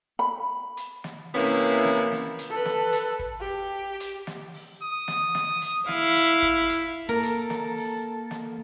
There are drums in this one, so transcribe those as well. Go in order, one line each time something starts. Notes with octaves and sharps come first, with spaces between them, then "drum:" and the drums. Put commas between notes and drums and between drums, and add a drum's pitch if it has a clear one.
B5
drum: hi-hat
drum: snare
C3 E3 A#3 B3 C#4 E4
drum: snare
drum: snare
drum: hi-hat
A4 B4
drum: snare
drum: hi-hat
drum: kick
G4
drum: hi-hat
drum: snare
drum: open hi-hat
D#6
drum: snare
drum: snare
drum: hi-hat
E4 F5, drum: snare
drum: hi-hat
drum: kick
drum: hi-hat
A#3 A4 A#4
drum: hi-hat
drum: snare
drum: open hi-hat
drum: snare